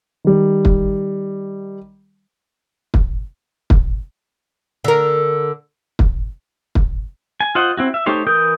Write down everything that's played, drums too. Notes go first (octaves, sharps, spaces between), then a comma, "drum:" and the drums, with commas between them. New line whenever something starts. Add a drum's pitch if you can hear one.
D#3 G3
drum: kick
drum: kick
drum: kick
D3 A#4
drum: kick
drum: kick
G#5
F4 C5 D#5 F#5
C4 E4 F#4
E5
A3 D#4 G4 C5 C#5
E3 A#4 D#6 G6